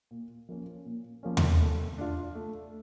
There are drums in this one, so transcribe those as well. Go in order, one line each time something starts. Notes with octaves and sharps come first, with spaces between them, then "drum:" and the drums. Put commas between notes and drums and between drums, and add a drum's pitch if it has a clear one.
A#2
F3 A#3 C#4
A#2
F3 A#3 C#4
drum: tom E2
A3
D4 F4
A3